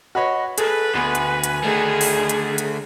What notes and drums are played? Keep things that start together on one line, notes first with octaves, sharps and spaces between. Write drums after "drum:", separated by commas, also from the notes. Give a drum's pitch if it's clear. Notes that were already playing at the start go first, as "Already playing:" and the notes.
F#4 B4 C#5 D#5
G#4 A4 B4, drum: hi-hat
D2 B3 G#5
drum: hi-hat
drum: hi-hat
D3 D#3 A3 G#4
drum: open hi-hat
drum: hi-hat
drum: hi-hat